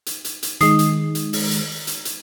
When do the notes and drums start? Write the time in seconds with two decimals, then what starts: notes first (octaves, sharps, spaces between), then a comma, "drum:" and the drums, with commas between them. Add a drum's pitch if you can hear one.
0.06 drum: hi-hat
0.25 drum: hi-hat
0.43 drum: hi-hat
0.61 D#3 G#3 D#6 C7, drum: hi-hat
0.79 drum: hi-hat
1.15 drum: hi-hat
1.33 drum: open hi-hat
1.51 drum: hi-hat
1.87 drum: hi-hat
2.05 drum: hi-hat